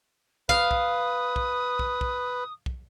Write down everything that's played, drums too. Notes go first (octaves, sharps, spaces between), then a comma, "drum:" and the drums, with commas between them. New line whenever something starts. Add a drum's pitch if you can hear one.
B4 F5 D#6, drum: kick
drum: kick
drum: kick
drum: kick
drum: kick
drum: kick